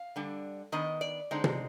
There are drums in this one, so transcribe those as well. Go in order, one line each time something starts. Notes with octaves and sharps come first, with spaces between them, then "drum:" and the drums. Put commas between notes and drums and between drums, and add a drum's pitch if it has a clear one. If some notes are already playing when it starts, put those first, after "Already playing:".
Already playing: F5
D3 G3 D4
D#3 B3 D4 D#5
D5
D3 G#3 C4 D#4
drum: tom